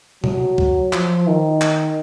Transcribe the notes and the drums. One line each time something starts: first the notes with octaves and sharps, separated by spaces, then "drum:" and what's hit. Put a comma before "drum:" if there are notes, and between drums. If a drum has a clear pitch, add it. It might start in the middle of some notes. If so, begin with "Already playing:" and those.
F#3, drum: tom B2
drum: kick
F3, drum: clap
D#3
drum: clap